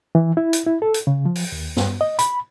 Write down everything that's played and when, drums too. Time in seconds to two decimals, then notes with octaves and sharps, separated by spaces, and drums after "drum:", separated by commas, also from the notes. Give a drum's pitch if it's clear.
0.15 E3
0.37 E4
0.53 drum: hi-hat
0.66 E4
0.82 A4
0.94 drum: hi-hat
1.07 C#3
1.25 F3
1.35 drum: open hi-hat
1.52 D#2
1.77 G2, drum: snare
2.01 D#5
2.19 B5, drum: hi-hat